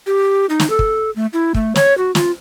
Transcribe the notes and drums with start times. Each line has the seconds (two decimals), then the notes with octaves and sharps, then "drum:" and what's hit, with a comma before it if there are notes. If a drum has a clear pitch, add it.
0.06 G4
0.49 D#4
0.60 drum: snare
0.70 A4
0.79 drum: kick
1.16 A3
1.33 E4
1.54 A3, drum: kick
1.76 C#5, drum: snare
1.98 F#4
2.15 F4, drum: snare